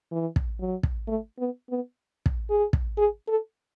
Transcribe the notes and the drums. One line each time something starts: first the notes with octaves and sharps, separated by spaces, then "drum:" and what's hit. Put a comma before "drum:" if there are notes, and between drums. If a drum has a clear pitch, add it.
E3
drum: kick
F#3
drum: kick
A3
B3
B3
drum: kick
G#4
drum: kick
G#4
A4